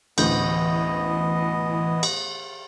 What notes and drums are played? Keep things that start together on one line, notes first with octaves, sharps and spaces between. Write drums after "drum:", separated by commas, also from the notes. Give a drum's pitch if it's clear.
A1 D2 E3 B3 D#5 G6, drum: cymbal
drum: cymbal